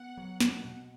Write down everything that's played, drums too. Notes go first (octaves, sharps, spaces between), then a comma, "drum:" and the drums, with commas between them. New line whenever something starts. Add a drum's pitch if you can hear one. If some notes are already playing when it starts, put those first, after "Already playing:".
Already playing: B3 F#5
F#3
B2, drum: snare
B2